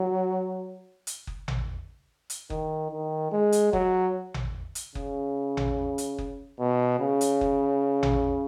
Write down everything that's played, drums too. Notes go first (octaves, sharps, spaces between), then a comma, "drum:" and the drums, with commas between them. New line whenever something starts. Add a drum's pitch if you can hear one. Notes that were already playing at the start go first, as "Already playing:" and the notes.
Already playing: F#3
drum: hi-hat
drum: kick F#1
drum: tom A1
drum: hi-hat
D#3, drum: kick F#1
D#3
G#3
drum: hi-hat
F#3, drum: kick F#1
drum: tom A1
drum: hi-hat
C#3, drum: kick F#1
drum: tom A1
drum: hi-hat
drum: kick F#1
B2
C#3
drum: hi-hat
drum: kick F#1
drum: tom A1